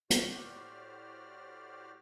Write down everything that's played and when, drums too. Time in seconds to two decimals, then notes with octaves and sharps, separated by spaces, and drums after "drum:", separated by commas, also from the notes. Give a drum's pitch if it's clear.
0.10 A2 F#4 G4 C5 D5 F6, drum: hi-hat